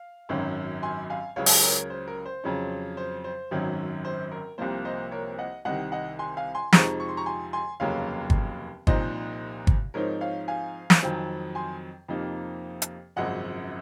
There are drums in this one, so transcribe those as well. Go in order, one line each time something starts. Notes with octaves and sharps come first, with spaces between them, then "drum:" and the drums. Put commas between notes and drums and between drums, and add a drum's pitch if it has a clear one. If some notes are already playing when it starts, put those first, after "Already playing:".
Already playing: F5
G#1 F#2 D#3 F#3 C#4
G#5 C6
F5 G#5
C#2 C#3 F#3 C#4 C#5 F5
drum: open hi-hat
A#4 C#5
C5
A#4
C5
F2 C#3 F#3 C#4
C5
C5
G#1 F#2 D#3 F#3 C#4
C5
A#4
C2 C3 F3 A#3 C5
C5 D#5
A#4 C#5
D#5 F#5
C2 C3 D#3 D#5 F#5
D#5 F#5
G#5 C6
F5 G#5
G#5 C6
F2 C3 F3 G#3 D#4 A#5 C#6, drum: snare
C#6
C6
A#5 C#6
G#5 C6
G#5 C6
F1 D#2 C#3 F#3 A#3 C#5 F5
drum: kick
C2 A#2 F3 C4 D#4 C5 D#5, drum: kick
drum: kick
G#2 F3 C4 D#4 A#4 C#5
C#5 F5
F5 G#5
drum: snare
F2 D#3 F#3 C4
G#5 C6
F2 C3 F3 A#3 D#4
drum: hi-hat
G#1 F#2 C#3 F3 D#5 F#5